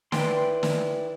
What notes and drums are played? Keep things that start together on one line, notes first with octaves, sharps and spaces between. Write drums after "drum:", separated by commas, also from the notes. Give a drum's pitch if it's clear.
E4 B4 D5 G5 C6, drum: snare
drum: snare